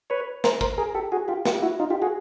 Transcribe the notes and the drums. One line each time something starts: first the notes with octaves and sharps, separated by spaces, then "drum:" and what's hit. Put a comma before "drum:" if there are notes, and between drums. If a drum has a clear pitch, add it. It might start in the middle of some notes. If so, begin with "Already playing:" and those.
B4 C#5
A#4 C5, drum: snare
A#4 C5, drum: kick
G#4 A#4
G4 A4
F#4 G#4
F4 G4
F4 G4, drum: snare
E4 F#4
D#4 F4
F4 G4
F#4 G#4